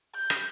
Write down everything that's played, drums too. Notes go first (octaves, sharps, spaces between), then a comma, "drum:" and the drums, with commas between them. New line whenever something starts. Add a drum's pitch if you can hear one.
G6
drum: rim click